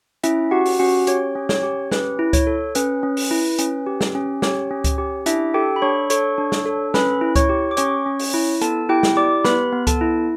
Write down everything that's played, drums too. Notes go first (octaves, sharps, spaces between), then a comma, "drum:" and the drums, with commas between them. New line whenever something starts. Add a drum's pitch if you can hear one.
C#4 E4 E5, drum: hi-hat
F#4 G4 F#5
drum: open hi-hat
C#4 F#4 F#5
G4 C#5, drum: hi-hat
C#4
C#5, drum: snare
G4
C#4 B4, drum: snare
E4
C#5, drum: kick C#2, hi-hat
A4
C#4 B4, drum: hi-hat
C#4
drum: open hi-hat
E4
C#4, drum: hi-hat
G4
drum: snare
C#4
G4 C#5, drum: snare
C#4
drum: kick C#2, hi-hat
G4
D4 E4 E5, drum: hi-hat
G4 A4 G5
B5
D4 C#5 C#6
A4 C#5 C#6, drum: hi-hat
D4
drum: snare
A4
C#4 B4 B5, drum: snare
E4
C#5 C#6, drum: kick C#2, hi-hat
G4
D6
C#4 C#5 C#6, drum: hi-hat
C#4
drum: open hi-hat
E4
B3 A4 A5, drum: hi-hat
E4 G4 G5
drum: snare
G4 D5 D6
B3 B4 B5, drum: snare
B3
A4 A5, drum: kick C#2, hi-hat
E4